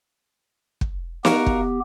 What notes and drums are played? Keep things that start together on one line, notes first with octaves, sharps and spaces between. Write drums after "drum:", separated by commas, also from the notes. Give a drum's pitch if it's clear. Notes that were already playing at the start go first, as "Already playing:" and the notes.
drum: kick
B3 F#4 G4 A#4 F5, drum: snare
drum: kick